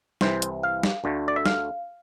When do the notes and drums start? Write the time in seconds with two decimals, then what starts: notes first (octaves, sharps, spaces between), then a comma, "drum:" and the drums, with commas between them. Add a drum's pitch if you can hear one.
0.21 C2 C3 E3 C5, drum: snare
0.42 drum: hi-hat
0.63 F5
0.83 drum: snare
1.04 D2 D3 A3
1.28 D5
1.36 E5
1.46 F5, drum: snare